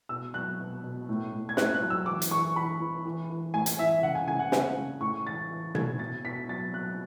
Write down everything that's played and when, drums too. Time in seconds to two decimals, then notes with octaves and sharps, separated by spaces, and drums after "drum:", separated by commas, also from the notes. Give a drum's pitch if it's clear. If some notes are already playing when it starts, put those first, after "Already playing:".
0.09 B2 E6
0.34 F#3 F#6
0.60 B2
0.84 B2
1.09 A2
1.32 A2
1.49 G#6
1.57 A2 F#6, drum: snare
1.74 F#6
1.81 F#3
1.90 E6
2.06 E3 D6
2.22 drum: hi-hat
2.31 E3 C#6
2.55 E3 B5
2.80 E3
3.05 E3
3.30 E3
3.54 A2 G#5
3.66 drum: hi-hat
3.79 E3 E5
4.02 C#3 F#5
4.15 G#5
4.27 C#3 G#5
4.39 F#5
4.52 C#3 G#5, drum: snare
4.77 C#3
5.01 A2 C#6
5.26 E3 A6
5.51 E3
5.75 A2 G#6, drum: tom B2
5.99 B2 A6
6.24 B2 B6
6.48 F#3 A6
6.73 F#3 F#6